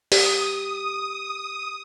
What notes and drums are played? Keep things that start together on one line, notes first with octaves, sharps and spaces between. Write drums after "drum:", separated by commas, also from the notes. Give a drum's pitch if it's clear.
G4 D#6, drum: open hi-hat